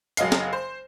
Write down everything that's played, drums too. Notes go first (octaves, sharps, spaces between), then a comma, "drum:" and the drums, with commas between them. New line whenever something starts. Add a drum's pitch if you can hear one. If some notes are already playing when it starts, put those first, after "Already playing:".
F#1 F#3 D#5 F5 C7, drum: hi-hat
drum: snare
C5